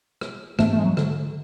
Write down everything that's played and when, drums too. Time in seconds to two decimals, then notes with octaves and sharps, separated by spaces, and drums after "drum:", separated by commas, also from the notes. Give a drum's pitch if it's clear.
0.21 drum: rim click
0.59 G#2 E3 A3 B3 D4, drum: rim click
0.72 A3
0.79 G#3
0.84 F#3
0.97 D3, drum: rim click
1.10 D3